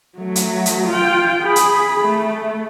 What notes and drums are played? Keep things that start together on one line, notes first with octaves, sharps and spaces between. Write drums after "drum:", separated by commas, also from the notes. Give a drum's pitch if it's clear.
F#3 A3
drum: hi-hat
drum: hi-hat
F4 G5
G#4 B5
drum: hi-hat
A3